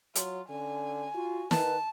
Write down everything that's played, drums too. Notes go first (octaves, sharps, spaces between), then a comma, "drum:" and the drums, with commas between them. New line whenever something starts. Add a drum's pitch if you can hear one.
F#3 F4, drum: hi-hat
D3 C#4 G#5
F4 F#4
D#3 B4 A5, drum: snare